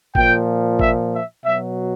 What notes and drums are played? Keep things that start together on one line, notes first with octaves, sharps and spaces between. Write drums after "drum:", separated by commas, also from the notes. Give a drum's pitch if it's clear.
A#2 F3 G5, drum: kick G#1
E5, drum: kick G#1
E5
B2 F#3 E5